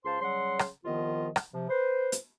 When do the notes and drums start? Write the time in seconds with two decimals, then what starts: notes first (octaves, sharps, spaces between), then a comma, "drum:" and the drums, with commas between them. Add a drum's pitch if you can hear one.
0.05 C#2 C5 F5 A5 C6
0.21 C#3 F#3 G3 F#5 C6
0.59 drum: rim click
0.85 C2 D#3 F3 B3 F4 D#5
1.36 drum: rim click
1.53 C3 F3
1.69 B4 C5
2.12 drum: hi-hat